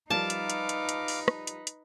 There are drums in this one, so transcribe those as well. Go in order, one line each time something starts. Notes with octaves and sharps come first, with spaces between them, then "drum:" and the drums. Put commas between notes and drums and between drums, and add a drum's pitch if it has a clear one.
F3 G3 D#4 A#4 B4 F5 A5 D6
drum: hi-hat
drum: hi-hat
drum: hi-hat
drum: hi-hat
drum: open hi-hat
drum: rim click
drum: hi-hat
drum: hi-hat